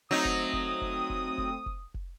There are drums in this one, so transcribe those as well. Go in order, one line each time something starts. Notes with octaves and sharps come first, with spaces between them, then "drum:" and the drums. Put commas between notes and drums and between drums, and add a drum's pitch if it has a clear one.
F#3 A3 C4 D#4 D#6
drum: kick F1
drum: kick F1
drum: kick F1
drum: kick F1
drum: kick F1
drum: kick F1
drum: kick F1